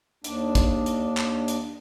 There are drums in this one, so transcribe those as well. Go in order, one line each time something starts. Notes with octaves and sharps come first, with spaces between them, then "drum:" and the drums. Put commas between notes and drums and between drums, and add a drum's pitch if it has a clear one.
D#2 D4, drum: hi-hat
drum: kick, hi-hat
drum: hi-hat
drum: clap
drum: hi-hat